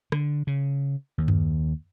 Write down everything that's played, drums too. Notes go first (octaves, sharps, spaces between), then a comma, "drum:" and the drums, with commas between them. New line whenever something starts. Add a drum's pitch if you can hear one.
D3, drum: rim click
C#3
D#2
drum: tom F#2